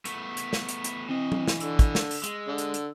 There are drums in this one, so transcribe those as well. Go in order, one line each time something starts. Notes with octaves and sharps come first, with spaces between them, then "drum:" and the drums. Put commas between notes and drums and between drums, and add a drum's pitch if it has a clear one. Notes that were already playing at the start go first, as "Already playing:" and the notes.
A3 B3, drum: hi-hat
drum: hi-hat
drum: snare
drum: hi-hat
drum: hi-hat
E3 C4 D#5
drum: tom F#3
drum: snare
D3 E6, drum: hi-hat
drum: kick, hi-hat
drum: snare
drum: open hi-hat
G#3, drum: hi-hat
D3
drum: hi-hat
drum: hi-hat